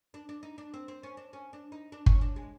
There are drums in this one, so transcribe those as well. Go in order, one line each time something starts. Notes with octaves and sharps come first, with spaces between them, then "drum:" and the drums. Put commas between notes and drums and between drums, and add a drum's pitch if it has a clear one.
D4
D4
D#4
D4
C4
C4
C#4
D4
C#4
D4
D#4
D4
C#4, drum: kick G1
D4
G#3